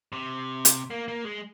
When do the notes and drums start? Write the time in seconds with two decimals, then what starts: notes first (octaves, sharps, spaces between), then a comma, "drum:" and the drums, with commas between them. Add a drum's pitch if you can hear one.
0.12 C3
0.65 drum: hi-hat
0.90 A#3
1.08 A#3
1.25 G#3